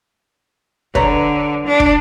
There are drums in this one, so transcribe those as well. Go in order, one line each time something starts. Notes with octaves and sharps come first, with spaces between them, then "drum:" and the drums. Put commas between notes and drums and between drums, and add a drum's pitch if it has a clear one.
D3 B4 C#5 A#5, drum: kick
D4
drum: kick